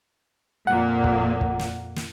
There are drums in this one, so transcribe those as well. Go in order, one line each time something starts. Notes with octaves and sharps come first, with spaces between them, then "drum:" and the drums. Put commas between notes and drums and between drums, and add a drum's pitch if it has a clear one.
F2 A#2 A#3 F#5
drum: kick
drum: kick
drum: snare
drum: snare